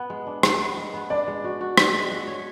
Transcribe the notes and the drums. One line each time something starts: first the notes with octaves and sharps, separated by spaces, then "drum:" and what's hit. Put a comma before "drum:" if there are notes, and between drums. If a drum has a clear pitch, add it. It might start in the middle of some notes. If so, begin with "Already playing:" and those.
Already playing: B3 F#5
G#3
D4
D4, drum: rim click
B3
G#3
B3
D4 D5
G#3
F#4
F#4
D4, drum: rim click
G#3
F#4
C#5